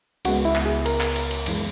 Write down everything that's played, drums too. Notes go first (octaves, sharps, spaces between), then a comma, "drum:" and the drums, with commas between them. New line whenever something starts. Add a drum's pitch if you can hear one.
C#2 C#3 G#3 B3 F#4, drum: cymbal
E4
drum: clap
G#4
A#4, drum: cymbal
drum: clap
drum: cymbal
drum: cymbal
F#2 E3 G#3, drum: cymbal